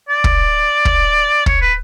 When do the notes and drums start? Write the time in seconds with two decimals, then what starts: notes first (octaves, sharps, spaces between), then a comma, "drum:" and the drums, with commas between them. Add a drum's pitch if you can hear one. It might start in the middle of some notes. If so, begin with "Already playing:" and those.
0.09 D5
0.24 drum: kick
0.85 drum: kick
1.46 C#5, drum: kick
1.61 B4